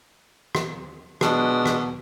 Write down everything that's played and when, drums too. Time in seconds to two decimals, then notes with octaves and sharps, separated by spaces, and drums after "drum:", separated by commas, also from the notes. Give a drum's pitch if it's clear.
0.55 drum: rim click
1.21 B2 G#3 D4, drum: rim click
1.66 drum: rim click